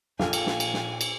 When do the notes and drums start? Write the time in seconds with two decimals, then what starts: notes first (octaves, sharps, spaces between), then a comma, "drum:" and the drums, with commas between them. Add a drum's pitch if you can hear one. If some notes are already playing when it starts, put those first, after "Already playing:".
0.19 A#1 A#2 A4 F5 G5 G#5, drum: snare
0.33 drum: cymbal
0.47 drum: snare
0.60 drum: cymbal
0.74 drum: snare
1.01 drum: cymbal